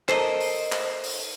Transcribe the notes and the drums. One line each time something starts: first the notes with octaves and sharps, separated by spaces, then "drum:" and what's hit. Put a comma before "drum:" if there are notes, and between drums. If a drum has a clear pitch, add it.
A4 A#4 C5 D#5, drum: clap
drum: open hi-hat
drum: clap
drum: open hi-hat